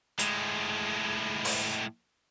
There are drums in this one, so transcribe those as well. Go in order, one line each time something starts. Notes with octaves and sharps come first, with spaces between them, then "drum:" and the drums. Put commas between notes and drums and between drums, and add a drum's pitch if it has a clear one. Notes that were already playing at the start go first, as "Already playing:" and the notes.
A2 G#3, drum: hi-hat
drum: open hi-hat